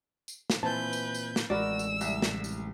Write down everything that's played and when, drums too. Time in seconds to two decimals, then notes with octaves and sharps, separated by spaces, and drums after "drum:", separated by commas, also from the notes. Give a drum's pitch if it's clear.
0.28 drum: tambourine
0.50 drum: snare
0.63 A#2 E3 C4 B4 A5 G6
0.93 drum: tambourine
1.14 drum: tambourine
1.36 drum: snare
1.50 A1 G#3 F#4 A#4 D5 B5 E6
1.79 drum: tambourine
2.01 C2 E5, drum: tambourine
2.22 drum: snare
2.44 drum: tambourine